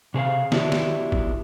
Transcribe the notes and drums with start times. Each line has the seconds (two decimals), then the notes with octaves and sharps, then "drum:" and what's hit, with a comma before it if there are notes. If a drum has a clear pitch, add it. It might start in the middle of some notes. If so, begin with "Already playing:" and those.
0.14 C3 G#4 A#4 F5
0.52 B3 D4 E4 F#4 G4 B4, drum: snare
0.72 drum: snare
1.12 drum: kick